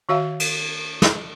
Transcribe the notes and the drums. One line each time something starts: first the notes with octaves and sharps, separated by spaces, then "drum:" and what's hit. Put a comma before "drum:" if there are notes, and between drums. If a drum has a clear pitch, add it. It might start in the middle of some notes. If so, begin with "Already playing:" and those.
D#3 F#4 C#5 E5 F5
drum: cymbal
drum: snare